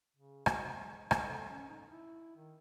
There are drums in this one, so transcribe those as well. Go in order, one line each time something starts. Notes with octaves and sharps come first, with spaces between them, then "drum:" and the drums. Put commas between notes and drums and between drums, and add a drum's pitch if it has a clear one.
C#3
F#4, drum: rim click
G#3
drum: rim click
A4
C#4
D#4
E4
D#3